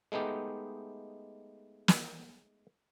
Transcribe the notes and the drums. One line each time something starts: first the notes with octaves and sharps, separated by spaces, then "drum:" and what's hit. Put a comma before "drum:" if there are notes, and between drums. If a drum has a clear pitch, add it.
G#3 A3 B3 D#4 G4
drum: snare